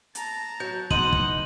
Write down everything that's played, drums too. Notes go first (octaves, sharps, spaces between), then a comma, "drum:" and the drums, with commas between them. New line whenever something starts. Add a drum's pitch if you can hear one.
A5 A#5, drum: hi-hat
F#3 G6
E2 D#4 F#5 C6 D#7 F#7, drum: kick
drum: kick